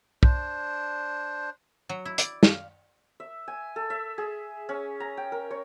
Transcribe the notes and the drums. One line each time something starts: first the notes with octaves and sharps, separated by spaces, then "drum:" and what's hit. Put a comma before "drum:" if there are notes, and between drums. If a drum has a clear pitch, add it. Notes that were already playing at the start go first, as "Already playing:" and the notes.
D4 C5, drum: kick
F#3
E4
D5, drum: hi-hat
F5, drum: snare
E5
G#5
A4
E5
G#4
C#4
A#5
G5
A#4
C#5